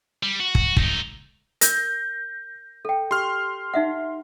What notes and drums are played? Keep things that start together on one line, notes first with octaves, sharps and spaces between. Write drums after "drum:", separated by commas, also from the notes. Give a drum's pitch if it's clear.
G3
F#4
drum: kick
A3 D#4, drum: kick
A#4 G6 A#6, drum: hi-hat
A4 G5
G4 C6 F6
D#4 E5 F#5